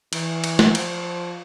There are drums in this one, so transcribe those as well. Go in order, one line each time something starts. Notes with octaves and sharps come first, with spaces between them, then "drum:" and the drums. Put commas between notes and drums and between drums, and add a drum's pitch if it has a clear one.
E3, drum: cymbal
drum: cymbal
drum: snare
F3, drum: cymbal